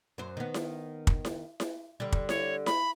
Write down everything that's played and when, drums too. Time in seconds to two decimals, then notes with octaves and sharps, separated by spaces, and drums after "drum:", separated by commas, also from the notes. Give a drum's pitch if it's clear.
0.18 F#2 C5
0.37 D#3 B3
0.54 drum: snare E4
1.07 drum: kick
1.25 drum: snare E4
1.60 drum: snare E4
2.00 D3 G3
2.12 drum: kick
2.29 C#5, drum: snare E4
2.66 B5, drum: snare E4